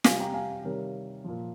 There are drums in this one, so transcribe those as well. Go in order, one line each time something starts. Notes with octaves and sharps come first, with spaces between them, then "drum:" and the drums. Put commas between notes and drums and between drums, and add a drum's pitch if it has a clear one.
C3 G3 F5 G#5, drum: snare
G5 A#5
F5 G#5
C3 D#3 G3 A#4 C#5
A#2 F3